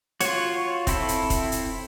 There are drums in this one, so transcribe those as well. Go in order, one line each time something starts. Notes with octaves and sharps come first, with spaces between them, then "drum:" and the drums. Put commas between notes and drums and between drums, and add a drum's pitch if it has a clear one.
F4 F#4 C#5, drum: hi-hat
C4 E4 A4, drum: kick E1, hi-hat
drum: hi-hat
drum: kick E1, hi-hat
drum: hi-hat